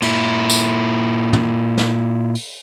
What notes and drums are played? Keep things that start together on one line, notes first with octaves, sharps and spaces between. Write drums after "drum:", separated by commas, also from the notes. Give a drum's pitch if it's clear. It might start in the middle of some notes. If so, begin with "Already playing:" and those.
A#2 E4, drum: cymbal
drum: tambourine
drum: tom
drum: snare
drum: open hi-hat